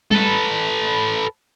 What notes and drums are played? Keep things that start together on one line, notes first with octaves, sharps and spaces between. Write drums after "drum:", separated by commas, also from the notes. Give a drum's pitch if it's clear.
A4 B4, drum: tom G3